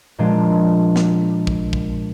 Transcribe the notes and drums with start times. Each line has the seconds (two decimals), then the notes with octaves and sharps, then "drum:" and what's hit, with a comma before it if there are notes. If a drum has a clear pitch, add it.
0.19 A#2 F3 G#3 D4
0.96 drum: snare
1.47 drum: kick
1.73 drum: kick